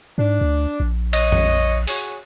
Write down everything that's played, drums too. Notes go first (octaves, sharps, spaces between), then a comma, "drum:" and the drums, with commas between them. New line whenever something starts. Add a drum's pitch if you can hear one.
G#2 D4
D2
A#1
C#5 D#5, drum: cymbal
drum: tom
F#4 G#4 C#5, drum: open hi-hat